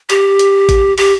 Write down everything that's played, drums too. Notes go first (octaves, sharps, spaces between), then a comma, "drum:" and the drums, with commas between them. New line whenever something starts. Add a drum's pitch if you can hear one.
G4, drum: hi-hat
drum: hi-hat
drum: kick G#1, hi-hat
G4, drum: open hi-hat